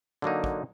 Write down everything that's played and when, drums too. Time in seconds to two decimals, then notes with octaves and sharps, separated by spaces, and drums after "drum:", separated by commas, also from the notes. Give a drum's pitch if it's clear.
0.22 D3 F#3 A#3 D#4
0.44 drum: kick